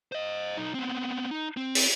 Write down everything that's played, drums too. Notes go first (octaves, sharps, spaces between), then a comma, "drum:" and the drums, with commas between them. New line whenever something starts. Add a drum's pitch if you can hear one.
C5 D#5
B1 D#4
B3 C4
D#4
C4
drum: open hi-hat